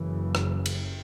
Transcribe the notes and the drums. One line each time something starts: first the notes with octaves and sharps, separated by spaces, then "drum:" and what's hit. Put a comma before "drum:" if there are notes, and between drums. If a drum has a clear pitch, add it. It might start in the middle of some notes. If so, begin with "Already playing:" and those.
Already playing: F#1 F#2 C#3 E3
drum: rim click
drum: cymbal